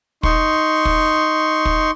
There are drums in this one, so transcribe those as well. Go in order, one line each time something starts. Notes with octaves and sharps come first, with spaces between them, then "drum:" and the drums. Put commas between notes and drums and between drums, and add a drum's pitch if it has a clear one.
D#4 C6 C#6, drum: kick
drum: kick
drum: kick